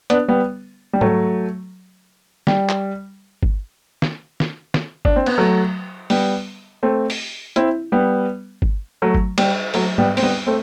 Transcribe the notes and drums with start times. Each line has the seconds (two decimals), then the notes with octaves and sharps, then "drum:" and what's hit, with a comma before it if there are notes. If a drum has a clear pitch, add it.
0.10 B3 D4, drum: hi-hat
0.28 G3 B3
0.93 G3
1.01 F#3 A3, drum: tom G#2
2.47 G3, drum: snare
2.69 drum: clap
3.43 drum: kick G1
4.02 drum: snare
4.40 drum: snare
4.74 drum: snare
5.05 D4, drum: kick G1
5.16 C4
5.26 B3, drum: cymbal
5.38 F#3 A3
6.10 G3 B3, drum: open hi-hat
6.83 A3 C4
7.10 drum: open hi-hat
7.56 C4 E4, drum: hi-hat
7.92 G3 B3
8.62 drum: kick G1
9.02 F#3 A3
9.15 drum: kick G1
9.38 G3, drum: cymbal
9.74 F#3 A3, drum: open hi-hat
9.98 G3 B3, drum: tom G#2
10.17 C4, drum: open hi-hat
10.22 G3 B3
10.47 A3 C4